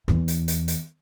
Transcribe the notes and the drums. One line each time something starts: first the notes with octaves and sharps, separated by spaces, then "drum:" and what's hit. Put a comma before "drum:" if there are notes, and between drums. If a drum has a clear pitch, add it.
E2 E3, drum: rim click
drum: hi-hat
drum: hi-hat
drum: hi-hat